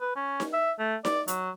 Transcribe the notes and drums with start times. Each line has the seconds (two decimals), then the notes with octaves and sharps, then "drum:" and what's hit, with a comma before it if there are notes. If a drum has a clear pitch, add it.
0.01 B4
0.16 C#4
0.40 drum: snare D#4
0.53 E5
0.79 A3
1.05 D5, drum: snare D#4
1.28 F#3, drum: hi-hat